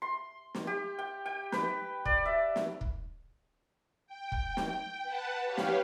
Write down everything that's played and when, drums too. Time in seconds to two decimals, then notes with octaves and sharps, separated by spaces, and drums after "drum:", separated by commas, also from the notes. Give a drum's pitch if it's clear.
0.02 C6
0.55 drum: snare
0.67 G4
0.99 G5
1.26 G5
1.52 B4, drum: snare
2.05 D5, drum: kick
2.26 E5
2.56 drum: snare
2.81 drum: kick
4.07 G5
4.32 drum: kick
4.57 drum: snare
5.03 B4 F#5 A5
5.45 G4 B4 C#5 F5
5.57 drum: snare